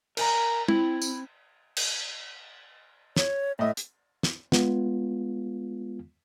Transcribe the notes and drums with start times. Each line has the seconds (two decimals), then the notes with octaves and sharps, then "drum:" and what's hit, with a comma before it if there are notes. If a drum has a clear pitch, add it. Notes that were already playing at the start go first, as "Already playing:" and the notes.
0.17 A#4 G#5 A#5, drum: cymbal
0.68 C4 E4, drum: tom
1.02 drum: tambourine
1.77 drum: cymbal
3.16 C#5, drum: snare
3.59 A2 D#5 E5
3.77 drum: hi-hat
4.23 drum: snare
4.52 G#3 B3 F4, drum: snare